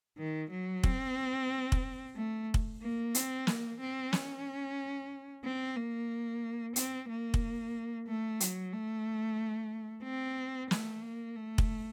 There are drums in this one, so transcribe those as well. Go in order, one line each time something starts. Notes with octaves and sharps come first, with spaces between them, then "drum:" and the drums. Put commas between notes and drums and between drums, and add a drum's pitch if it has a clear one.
D#3
F#3
C4, drum: kick
drum: kick
A3
drum: kick
A#3
C4, drum: hi-hat
A#3, drum: snare
C4
C#4, drum: snare
C4
A#3
C4, drum: hi-hat
A#3
drum: kick
A3
F#3, drum: hi-hat
A3
C4
A3, drum: snare
A#3
A3
drum: kick